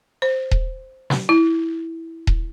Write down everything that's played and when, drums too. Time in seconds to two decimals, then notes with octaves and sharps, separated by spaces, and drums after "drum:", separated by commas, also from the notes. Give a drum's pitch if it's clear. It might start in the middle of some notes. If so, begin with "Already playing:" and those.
0.22 C5
0.51 drum: kick D#1
1.10 drum: snare
1.29 E4
2.27 drum: kick D#1